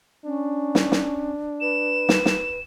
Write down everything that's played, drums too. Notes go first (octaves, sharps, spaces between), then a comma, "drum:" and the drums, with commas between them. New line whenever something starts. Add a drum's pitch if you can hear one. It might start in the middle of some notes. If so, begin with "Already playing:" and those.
C#4 D4
drum: snare
drum: snare
B4 E7
drum: snare
drum: snare